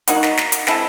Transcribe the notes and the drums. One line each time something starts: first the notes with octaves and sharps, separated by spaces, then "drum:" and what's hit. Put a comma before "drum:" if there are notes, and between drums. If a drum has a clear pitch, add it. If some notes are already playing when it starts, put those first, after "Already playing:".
F#3 A#3 D#4 F#4, drum: hi-hat
drum: snare
drum: snare
drum: hi-hat
G#3 C4 E4 A4, drum: snare